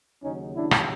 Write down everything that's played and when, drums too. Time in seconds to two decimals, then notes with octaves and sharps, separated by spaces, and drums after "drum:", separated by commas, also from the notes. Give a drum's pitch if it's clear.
0.24 D#2 C#3 F#3 C#4 D#4
0.55 D4 E4
0.71 drum: rim click